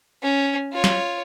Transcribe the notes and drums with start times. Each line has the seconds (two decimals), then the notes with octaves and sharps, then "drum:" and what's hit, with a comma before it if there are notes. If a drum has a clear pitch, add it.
0.23 C#4
0.72 F4 C#5
0.84 drum: snare